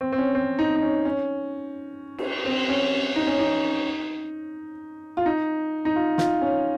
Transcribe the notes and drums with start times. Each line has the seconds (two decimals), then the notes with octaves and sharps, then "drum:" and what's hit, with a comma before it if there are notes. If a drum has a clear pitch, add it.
0.01 C4
0.12 C4
0.18 C#4
0.35 C4
0.59 D#4
0.76 D#4
0.82 C#4
1.05 C#4
2.18 drum: cymbal
2.46 C4
2.69 C#4
3.16 D#4
3.27 C#4
3.39 D#4
5.17 F4
5.26 D#4
5.85 D#4
5.96 F4
6.18 F4, drum: snare
6.41 C#4